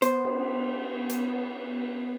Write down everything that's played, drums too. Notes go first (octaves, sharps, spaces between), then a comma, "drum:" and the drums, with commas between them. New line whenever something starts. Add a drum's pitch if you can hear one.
B3 C5, drum: hi-hat
drum: cymbal
drum: hi-hat